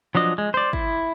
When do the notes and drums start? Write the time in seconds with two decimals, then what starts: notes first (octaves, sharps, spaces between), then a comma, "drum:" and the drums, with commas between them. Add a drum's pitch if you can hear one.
0.15 F3 F#3 D4 D#5
0.38 G#3
0.54 C5 D5
0.73 E4, drum: kick